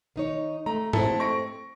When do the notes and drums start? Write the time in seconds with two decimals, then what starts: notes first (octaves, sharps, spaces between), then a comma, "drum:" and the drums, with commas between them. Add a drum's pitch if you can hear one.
0.16 D#3 D#4 C#5
0.66 A3 A#5
0.93 A3 C4 E4 A4, drum: tom G#2
1.20 C#6 A#6 D7